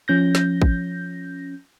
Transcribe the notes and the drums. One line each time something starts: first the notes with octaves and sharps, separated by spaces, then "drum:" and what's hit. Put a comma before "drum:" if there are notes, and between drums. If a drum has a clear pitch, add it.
F3 C#4 G6 A#6
drum: snare
drum: kick